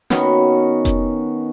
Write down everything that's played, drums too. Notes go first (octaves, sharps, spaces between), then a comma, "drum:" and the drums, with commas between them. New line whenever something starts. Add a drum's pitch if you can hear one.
D#3 B3 C#4 F#4, drum: snare
drum: kick F1, hi-hat